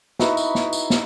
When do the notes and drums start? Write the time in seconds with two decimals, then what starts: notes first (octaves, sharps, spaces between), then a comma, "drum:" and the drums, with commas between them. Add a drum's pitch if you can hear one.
0.19 D#4 E4 F#4 B4, drum: snare
0.37 drum: tambourine
0.55 drum: snare
0.73 drum: tambourine
0.90 drum: snare